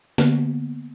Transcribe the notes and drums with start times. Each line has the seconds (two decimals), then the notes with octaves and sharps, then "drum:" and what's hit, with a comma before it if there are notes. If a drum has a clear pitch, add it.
0.18 D3 A#3 B3, drum: snare